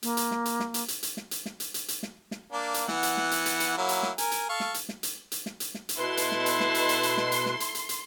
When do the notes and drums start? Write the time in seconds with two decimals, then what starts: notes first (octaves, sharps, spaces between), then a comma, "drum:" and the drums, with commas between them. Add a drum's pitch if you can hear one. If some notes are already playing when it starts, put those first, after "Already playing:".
0.03 A#3, drum: hi-hat
0.17 drum: hi-hat
0.31 drum: snare
0.45 drum: hi-hat
0.60 drum: snare
0.74 drum: hi-hat
0.88 drum: hi-hat
1.03 drum: hi-hat
1.17 drum: snare
1.31 drum: hi-hat
1.46 drum: snare
1.60 drum: hi-hat
1.74 drum: hi-hat
1.88 drum: hi-hat
2.03 drum: snare
2.31 drum: snare
2.52 A#3 D4
2.74 drum: hi-hat
2.88 E3 B3 F#5, drum: snare
3.03 drum: hi-hat
3.17 drum: snare
3.31 drum: hi-hat
3.46 drum: hi-hat
3.60 drum: hi-hat
3.78 F#3 A#3 E4
3.89 drum: hi-hat
4.03 drum: snare
4.18 A#4 G#5, drum: hi-hat
4.31 drum: hi-hat
4.49 A4 F5 C#6
4.60 drum: snare
4.74 drum: hi-hat
4.89 drum: snare
5.03 drum: hi-hat
5.32 drum: hi-hat
5.46 drum: snare
5.60 drum: hi-hat
5.74 drum: snare
5.89 drum: hi-hat
5.98 B2 E4 A4 B4 C6
6.17 drum: hi-hat
6.32 drum: snare
6.46 drum: hi-hat
6.60 drum: snare
6.75 drum: hi-hat
6.89 drum: hi-hat
7.03 drum: hi-hat
7.17 drum: snare
7.32 drum: hi-hat
7.46 drum: snare
7.60 drum: hi-hat
7.75 drum: hi-hat
7.89 drum: hi-hat